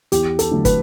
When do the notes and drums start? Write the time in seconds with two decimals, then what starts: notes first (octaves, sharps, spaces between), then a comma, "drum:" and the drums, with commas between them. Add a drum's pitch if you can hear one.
0.12 E2 G4, drum: hi-hat
0.39 A4, drum: hi-hat
0.51 D3 F#3 A3
0.65 B4, drum: kick, hi-hat